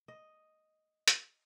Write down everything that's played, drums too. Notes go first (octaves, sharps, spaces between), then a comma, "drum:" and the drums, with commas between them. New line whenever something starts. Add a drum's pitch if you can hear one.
D#5
drum: hi-hat